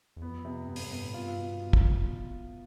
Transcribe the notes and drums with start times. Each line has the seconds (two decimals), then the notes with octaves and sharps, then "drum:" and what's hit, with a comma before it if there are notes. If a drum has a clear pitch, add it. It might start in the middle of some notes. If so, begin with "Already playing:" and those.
0.17 E2
0.22 F2 B3
0.45 C3
0.68 G2 B3
0.76 F2, drum: open hi-hat
0.83 G2
0.91 B3
1.04 A2
1.14 G2 F4
1.38 B2
1.73 drum: kick